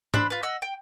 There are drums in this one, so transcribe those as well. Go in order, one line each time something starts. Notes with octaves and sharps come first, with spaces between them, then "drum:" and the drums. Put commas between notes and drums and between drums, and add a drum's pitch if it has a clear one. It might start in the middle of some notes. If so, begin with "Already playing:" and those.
D4 C5 B5 E6, drum: tom
F4 B4
D#5 F#5 E6 F#6
G5